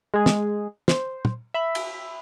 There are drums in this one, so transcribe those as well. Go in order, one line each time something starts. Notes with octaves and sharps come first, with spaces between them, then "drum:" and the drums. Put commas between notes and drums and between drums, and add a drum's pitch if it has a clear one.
G#3 G#4
drum: snare
C5, drum: snare
drum: tom
E5 B5
drum: cymbal